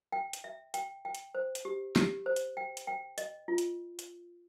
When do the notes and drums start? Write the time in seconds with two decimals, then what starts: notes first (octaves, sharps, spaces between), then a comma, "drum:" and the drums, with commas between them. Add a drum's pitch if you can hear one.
0.12 G5
0.33 drum: hi-hat
0.44 E5
0.74 G5, drum: hi-hat
1.05 G5
1.15 drum: hi-hat
1.35 C5
1.55 drum: hi-hat
1.65 G4
1.96 G4, drum: snare
2.26 C5
2.36 drum: hi-hat
2.57 G5
2.77 drum: hi-hat
2.87 G5
3.18 D#5, drum: hi-hat
3.48 F4
3.58 drum: hi-hat
3.99 drum: hi-hat